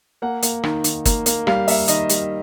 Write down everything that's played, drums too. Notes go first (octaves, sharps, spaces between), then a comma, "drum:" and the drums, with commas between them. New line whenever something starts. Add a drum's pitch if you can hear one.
A#3 F#5
A#3, drum: hi-hat
D#3, drum: rim click
D#3, drum: hi-hat
A#3, drum: kick, hi-hat
A#3, drum: hi-hat
G3 F5, drum: rim click
A#3 E5, drum: open hi-hat
D#3 D#5, drum: hi-hat
G3, drum: hi-hat